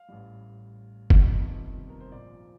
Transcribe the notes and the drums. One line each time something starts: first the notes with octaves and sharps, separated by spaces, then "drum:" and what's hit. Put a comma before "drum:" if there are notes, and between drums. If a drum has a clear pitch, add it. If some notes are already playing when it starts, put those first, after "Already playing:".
Already playing: F5
A1 A2 G3
G1 F2 C3 D#3 G3 D#5, drum: kick F#1
A#4
C5
A#1 A#2 F3 D5